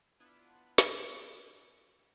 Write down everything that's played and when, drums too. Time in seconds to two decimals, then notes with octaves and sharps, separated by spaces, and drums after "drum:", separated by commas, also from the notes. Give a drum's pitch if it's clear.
0.20 B3 D4 E4 F4 B4
0.78 drum: snare